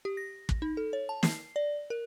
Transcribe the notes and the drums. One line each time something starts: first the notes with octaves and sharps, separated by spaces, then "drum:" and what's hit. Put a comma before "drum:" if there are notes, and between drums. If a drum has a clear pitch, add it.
G4
A#6
drum: kick
D#4
A4
C#5
A5
C7, drum: snare
D5
A#4